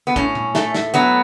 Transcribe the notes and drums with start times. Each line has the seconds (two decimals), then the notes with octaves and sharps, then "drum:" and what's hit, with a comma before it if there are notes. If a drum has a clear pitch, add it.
0.07 B3
0.16 A2 C#4, drum: kick
0.35 drum: tom A#2
0.55 A3, drum: snare
0.74 drum: snare
0.94 F#3 B3